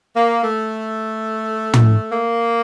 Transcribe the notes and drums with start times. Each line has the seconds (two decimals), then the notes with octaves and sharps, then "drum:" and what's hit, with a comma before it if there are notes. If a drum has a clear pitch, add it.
0.15 A#3
0.43 A3
1.74 drum: tom
2.11 A#3